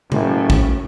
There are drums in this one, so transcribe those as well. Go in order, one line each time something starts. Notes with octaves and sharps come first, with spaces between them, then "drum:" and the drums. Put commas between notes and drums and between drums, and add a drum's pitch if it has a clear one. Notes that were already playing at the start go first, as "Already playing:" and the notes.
F#1 A2 C#4, drum: tom C3
drum: kick